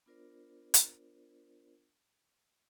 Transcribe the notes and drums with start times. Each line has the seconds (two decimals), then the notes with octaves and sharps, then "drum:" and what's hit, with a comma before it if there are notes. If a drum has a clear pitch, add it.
0.06 B3 D4 F4 A#4 C5 D5
0.74 drum: hi-hat